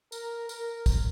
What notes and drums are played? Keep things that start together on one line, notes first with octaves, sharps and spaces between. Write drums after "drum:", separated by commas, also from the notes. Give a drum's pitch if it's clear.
A#4, drum: tambourine
A#4, drum: tambourine
drum: kick, tambourine